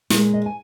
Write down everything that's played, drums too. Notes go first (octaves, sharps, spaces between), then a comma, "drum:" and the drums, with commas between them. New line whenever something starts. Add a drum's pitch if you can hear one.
A#2 G#3, drum: snare
D#5
G#5